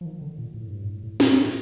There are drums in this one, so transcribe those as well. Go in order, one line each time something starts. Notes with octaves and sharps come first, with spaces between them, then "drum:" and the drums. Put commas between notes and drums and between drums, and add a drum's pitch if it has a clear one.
F3
D#3
D3
A#2
A2
G2
A2
A2
A#2, drum: snare
A2